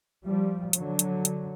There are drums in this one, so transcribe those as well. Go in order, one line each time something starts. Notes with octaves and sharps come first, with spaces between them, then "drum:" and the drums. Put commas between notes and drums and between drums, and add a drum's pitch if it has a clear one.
F3 G3
D3 F#3, drum: hi-hat
drum: hi-hat
drum: hi-hat